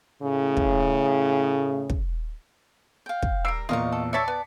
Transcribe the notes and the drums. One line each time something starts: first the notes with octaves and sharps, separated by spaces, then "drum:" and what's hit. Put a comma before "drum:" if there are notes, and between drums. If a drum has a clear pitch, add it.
A2 C#3
drum: kick
drum: kick
F5 G5
drum: kick
G3 A#4 E6 C7 D7
E2 A#2 F4 A#4 D#5 F5 C#6
A4
A4 C#5 D5 E5 A5 B6 C#7
B3